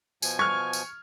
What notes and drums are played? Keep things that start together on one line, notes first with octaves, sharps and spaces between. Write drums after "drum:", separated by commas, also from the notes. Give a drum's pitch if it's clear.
B2 F3 G#5, drum: tambourine
C#6 F6 G#6
drum: tambourine